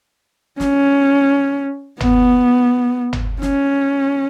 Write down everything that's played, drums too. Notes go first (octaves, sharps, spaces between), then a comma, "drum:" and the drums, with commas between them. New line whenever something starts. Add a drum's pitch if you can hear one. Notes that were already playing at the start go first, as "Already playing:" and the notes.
C#4, drum: snare
B3, drum: tom
drum: tom
C#4, drum: snare